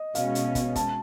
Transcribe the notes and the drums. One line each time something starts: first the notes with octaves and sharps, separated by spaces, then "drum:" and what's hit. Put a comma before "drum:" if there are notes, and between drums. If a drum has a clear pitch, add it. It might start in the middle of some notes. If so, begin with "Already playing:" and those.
Already playing: D#5
B2 G#3 C#4 F5, drum: hi-hat
drum: hi-hat
drum: kick, hi-hat
A5, drum: kick, hi-hat